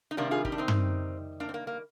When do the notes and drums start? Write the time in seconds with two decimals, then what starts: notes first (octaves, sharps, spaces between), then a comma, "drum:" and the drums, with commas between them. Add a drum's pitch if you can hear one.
0.11 D#4
0.17 C3 D#3 G3 A#3 D4
0.31 F4 G#4
0.45 D#4 G4, drum: kick
0.52 D4
0.58 C4 D#4
0.68 drum: tom
1.40 A#3 D4
1.49 C4
1.54 A#3
1.67 A#3